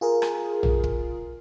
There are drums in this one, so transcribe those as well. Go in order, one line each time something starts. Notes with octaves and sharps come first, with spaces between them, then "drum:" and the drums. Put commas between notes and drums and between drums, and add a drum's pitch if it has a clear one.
F4 G#4 A#4
drum: rim click
drum: tom A#1
drum: kick